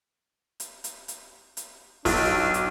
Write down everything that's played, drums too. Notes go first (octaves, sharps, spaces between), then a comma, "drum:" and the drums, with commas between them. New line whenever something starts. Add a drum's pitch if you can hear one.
drum: hi-hat
drum: hi-hat
drum: hi-hat
drum: hi-hat
B1 D4, drum: kick, open hi-hat
drum: hi-hat